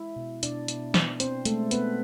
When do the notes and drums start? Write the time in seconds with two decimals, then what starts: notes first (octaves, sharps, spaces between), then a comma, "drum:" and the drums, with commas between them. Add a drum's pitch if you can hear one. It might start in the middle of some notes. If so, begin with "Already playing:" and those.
Already playing: G#3 E4 E5
0.16 B2
0.43 B2 D4 D5, drum: hi-hat
0.68 B3, drum: hi-hat
0.94 B3, drum: snare
1.20 C4 C5, drum: hi-hat
1.45 G#3 A3 A4, drum: hi-hat
1.71 B2 B3 B4, drum: hi-hat